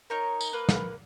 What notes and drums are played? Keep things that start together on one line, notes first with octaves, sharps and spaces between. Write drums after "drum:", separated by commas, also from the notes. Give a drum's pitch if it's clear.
D#4 A#4 C#5
drum: tambourine
A#3 B4
drum: snare